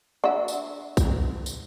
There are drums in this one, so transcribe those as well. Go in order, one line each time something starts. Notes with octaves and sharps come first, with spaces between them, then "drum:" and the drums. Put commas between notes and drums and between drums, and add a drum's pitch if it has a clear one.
D4 F#4 E5
drum: tambourine
drum: kick, tambourine
drum: tambourine